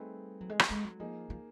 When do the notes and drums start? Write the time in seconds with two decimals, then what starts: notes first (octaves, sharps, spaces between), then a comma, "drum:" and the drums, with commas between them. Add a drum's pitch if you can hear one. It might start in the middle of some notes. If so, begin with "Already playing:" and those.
Already playing: G3 A3 C4 D#4 G#4 B4
0.41 F#3
0.50 G#3
0.59 G3, drum: rim click
0.70 G#3
0.85 F#3
1.00 F3 A#3 D#4 G#4
1.30 F3